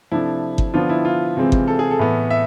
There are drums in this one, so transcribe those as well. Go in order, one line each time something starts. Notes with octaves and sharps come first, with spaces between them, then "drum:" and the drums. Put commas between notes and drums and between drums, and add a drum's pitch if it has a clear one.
C3 F3 A3 D4 E4
drum: kick G1
D3 F3 B3 D4 F4
E4
F4
C3 E3 G#3 C4
drum: kick G1
A4
G#4
A4
A2 E3 B3
E5